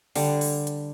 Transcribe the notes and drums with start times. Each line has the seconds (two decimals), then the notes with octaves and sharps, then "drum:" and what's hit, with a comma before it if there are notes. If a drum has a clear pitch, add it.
0.16 D3 G3, drum: open hi-hat
0.41 drum: open hi-hat
0.67 drum: hi-hat